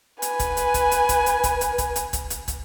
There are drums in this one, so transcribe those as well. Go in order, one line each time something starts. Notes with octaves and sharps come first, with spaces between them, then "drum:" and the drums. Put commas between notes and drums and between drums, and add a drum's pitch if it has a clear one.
B4 G#5, drum: hi-hat
drum: kick, hi-hat
drum: hi-hat
drum: kick, hi-hat
drum: hi-hat
drum: kick, hi-hat
drum: hi-hat
drum: kick, hi-hat
drum: hi-hat
drum: kick, hi-hat
drum: hi-hat
drum: kick, hi-hat
drum: hi-hat
drum: kick, hi-hat